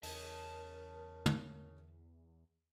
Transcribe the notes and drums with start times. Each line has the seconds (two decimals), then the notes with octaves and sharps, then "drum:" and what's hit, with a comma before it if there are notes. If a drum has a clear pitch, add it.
0.03 E2 C#3 A#4 D#5 A5, drum: open hi-hat
1.26 drum: tom